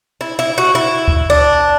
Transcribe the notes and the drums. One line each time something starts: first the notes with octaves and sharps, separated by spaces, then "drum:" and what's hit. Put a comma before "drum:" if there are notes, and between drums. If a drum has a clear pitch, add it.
E4
E4
F#4
E4
drum: kick C#2
D4